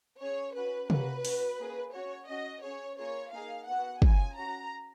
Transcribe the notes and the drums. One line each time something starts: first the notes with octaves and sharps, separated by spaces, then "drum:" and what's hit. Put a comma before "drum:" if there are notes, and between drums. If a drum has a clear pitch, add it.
C#4 G#4 C#5
C#4 F#4 B4
A#3 C#4 F#4 B4, drum: tom C3
C#4 F#4, drum: open hi-hat
A#3 C#4 G#4
C#4 F#4 C#5
C#4 F#4 D#5
C#4 G#4 C#5
A#3 F4 G#4 C#5
A#3 D#4 G#4 F5
B3 F#4 F#5
C#4 F4 G#4 G#5, drum: kick
C#4 F#4 A#5